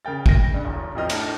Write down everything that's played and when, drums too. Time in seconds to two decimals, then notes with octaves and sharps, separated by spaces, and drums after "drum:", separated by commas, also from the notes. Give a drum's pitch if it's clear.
0.05 C#3 A#4 G5 A6
0.26 G5 A#6, drum: kick
0.50 G2 C#3
0.64 B1 E2
0.95 B1 F2 F3 D#5 F6
1.10 A2 D4 D#4 A5 A#6, drum: cymbal